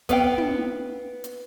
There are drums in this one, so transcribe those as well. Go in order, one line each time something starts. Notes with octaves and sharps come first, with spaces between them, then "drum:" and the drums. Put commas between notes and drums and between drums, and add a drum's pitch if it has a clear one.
B3 F5 G5, drum: kick, hi-hat
drum: tom
drum: hi-hat